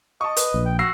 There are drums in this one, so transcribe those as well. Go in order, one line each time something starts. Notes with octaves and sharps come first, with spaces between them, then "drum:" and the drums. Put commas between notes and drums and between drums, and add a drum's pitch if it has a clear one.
D#5 A5 C#6
B4, drum: hi-hat
A#1
G5
F#4 E6 A#6 C7